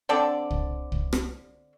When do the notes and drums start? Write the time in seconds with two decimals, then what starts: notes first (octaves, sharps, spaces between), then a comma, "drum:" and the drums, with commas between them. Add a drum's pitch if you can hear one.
0.09 D3 C4 A4 D5
0.51 drum: kick
0.92 drum: kick
1.13 drum: rim click